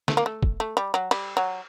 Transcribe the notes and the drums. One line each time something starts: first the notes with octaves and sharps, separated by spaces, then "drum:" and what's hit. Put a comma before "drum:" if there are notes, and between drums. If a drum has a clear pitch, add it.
A3, drum: snare
A#3
A3
drum: kick
A3
G3
F#3
G3, drum: cymbal
F#3